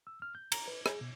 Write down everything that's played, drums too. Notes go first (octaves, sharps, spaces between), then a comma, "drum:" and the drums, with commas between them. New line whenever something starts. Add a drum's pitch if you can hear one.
E6
F6
G6
A#5, drum: cymbal
B4
G#4, drum: rim click
B2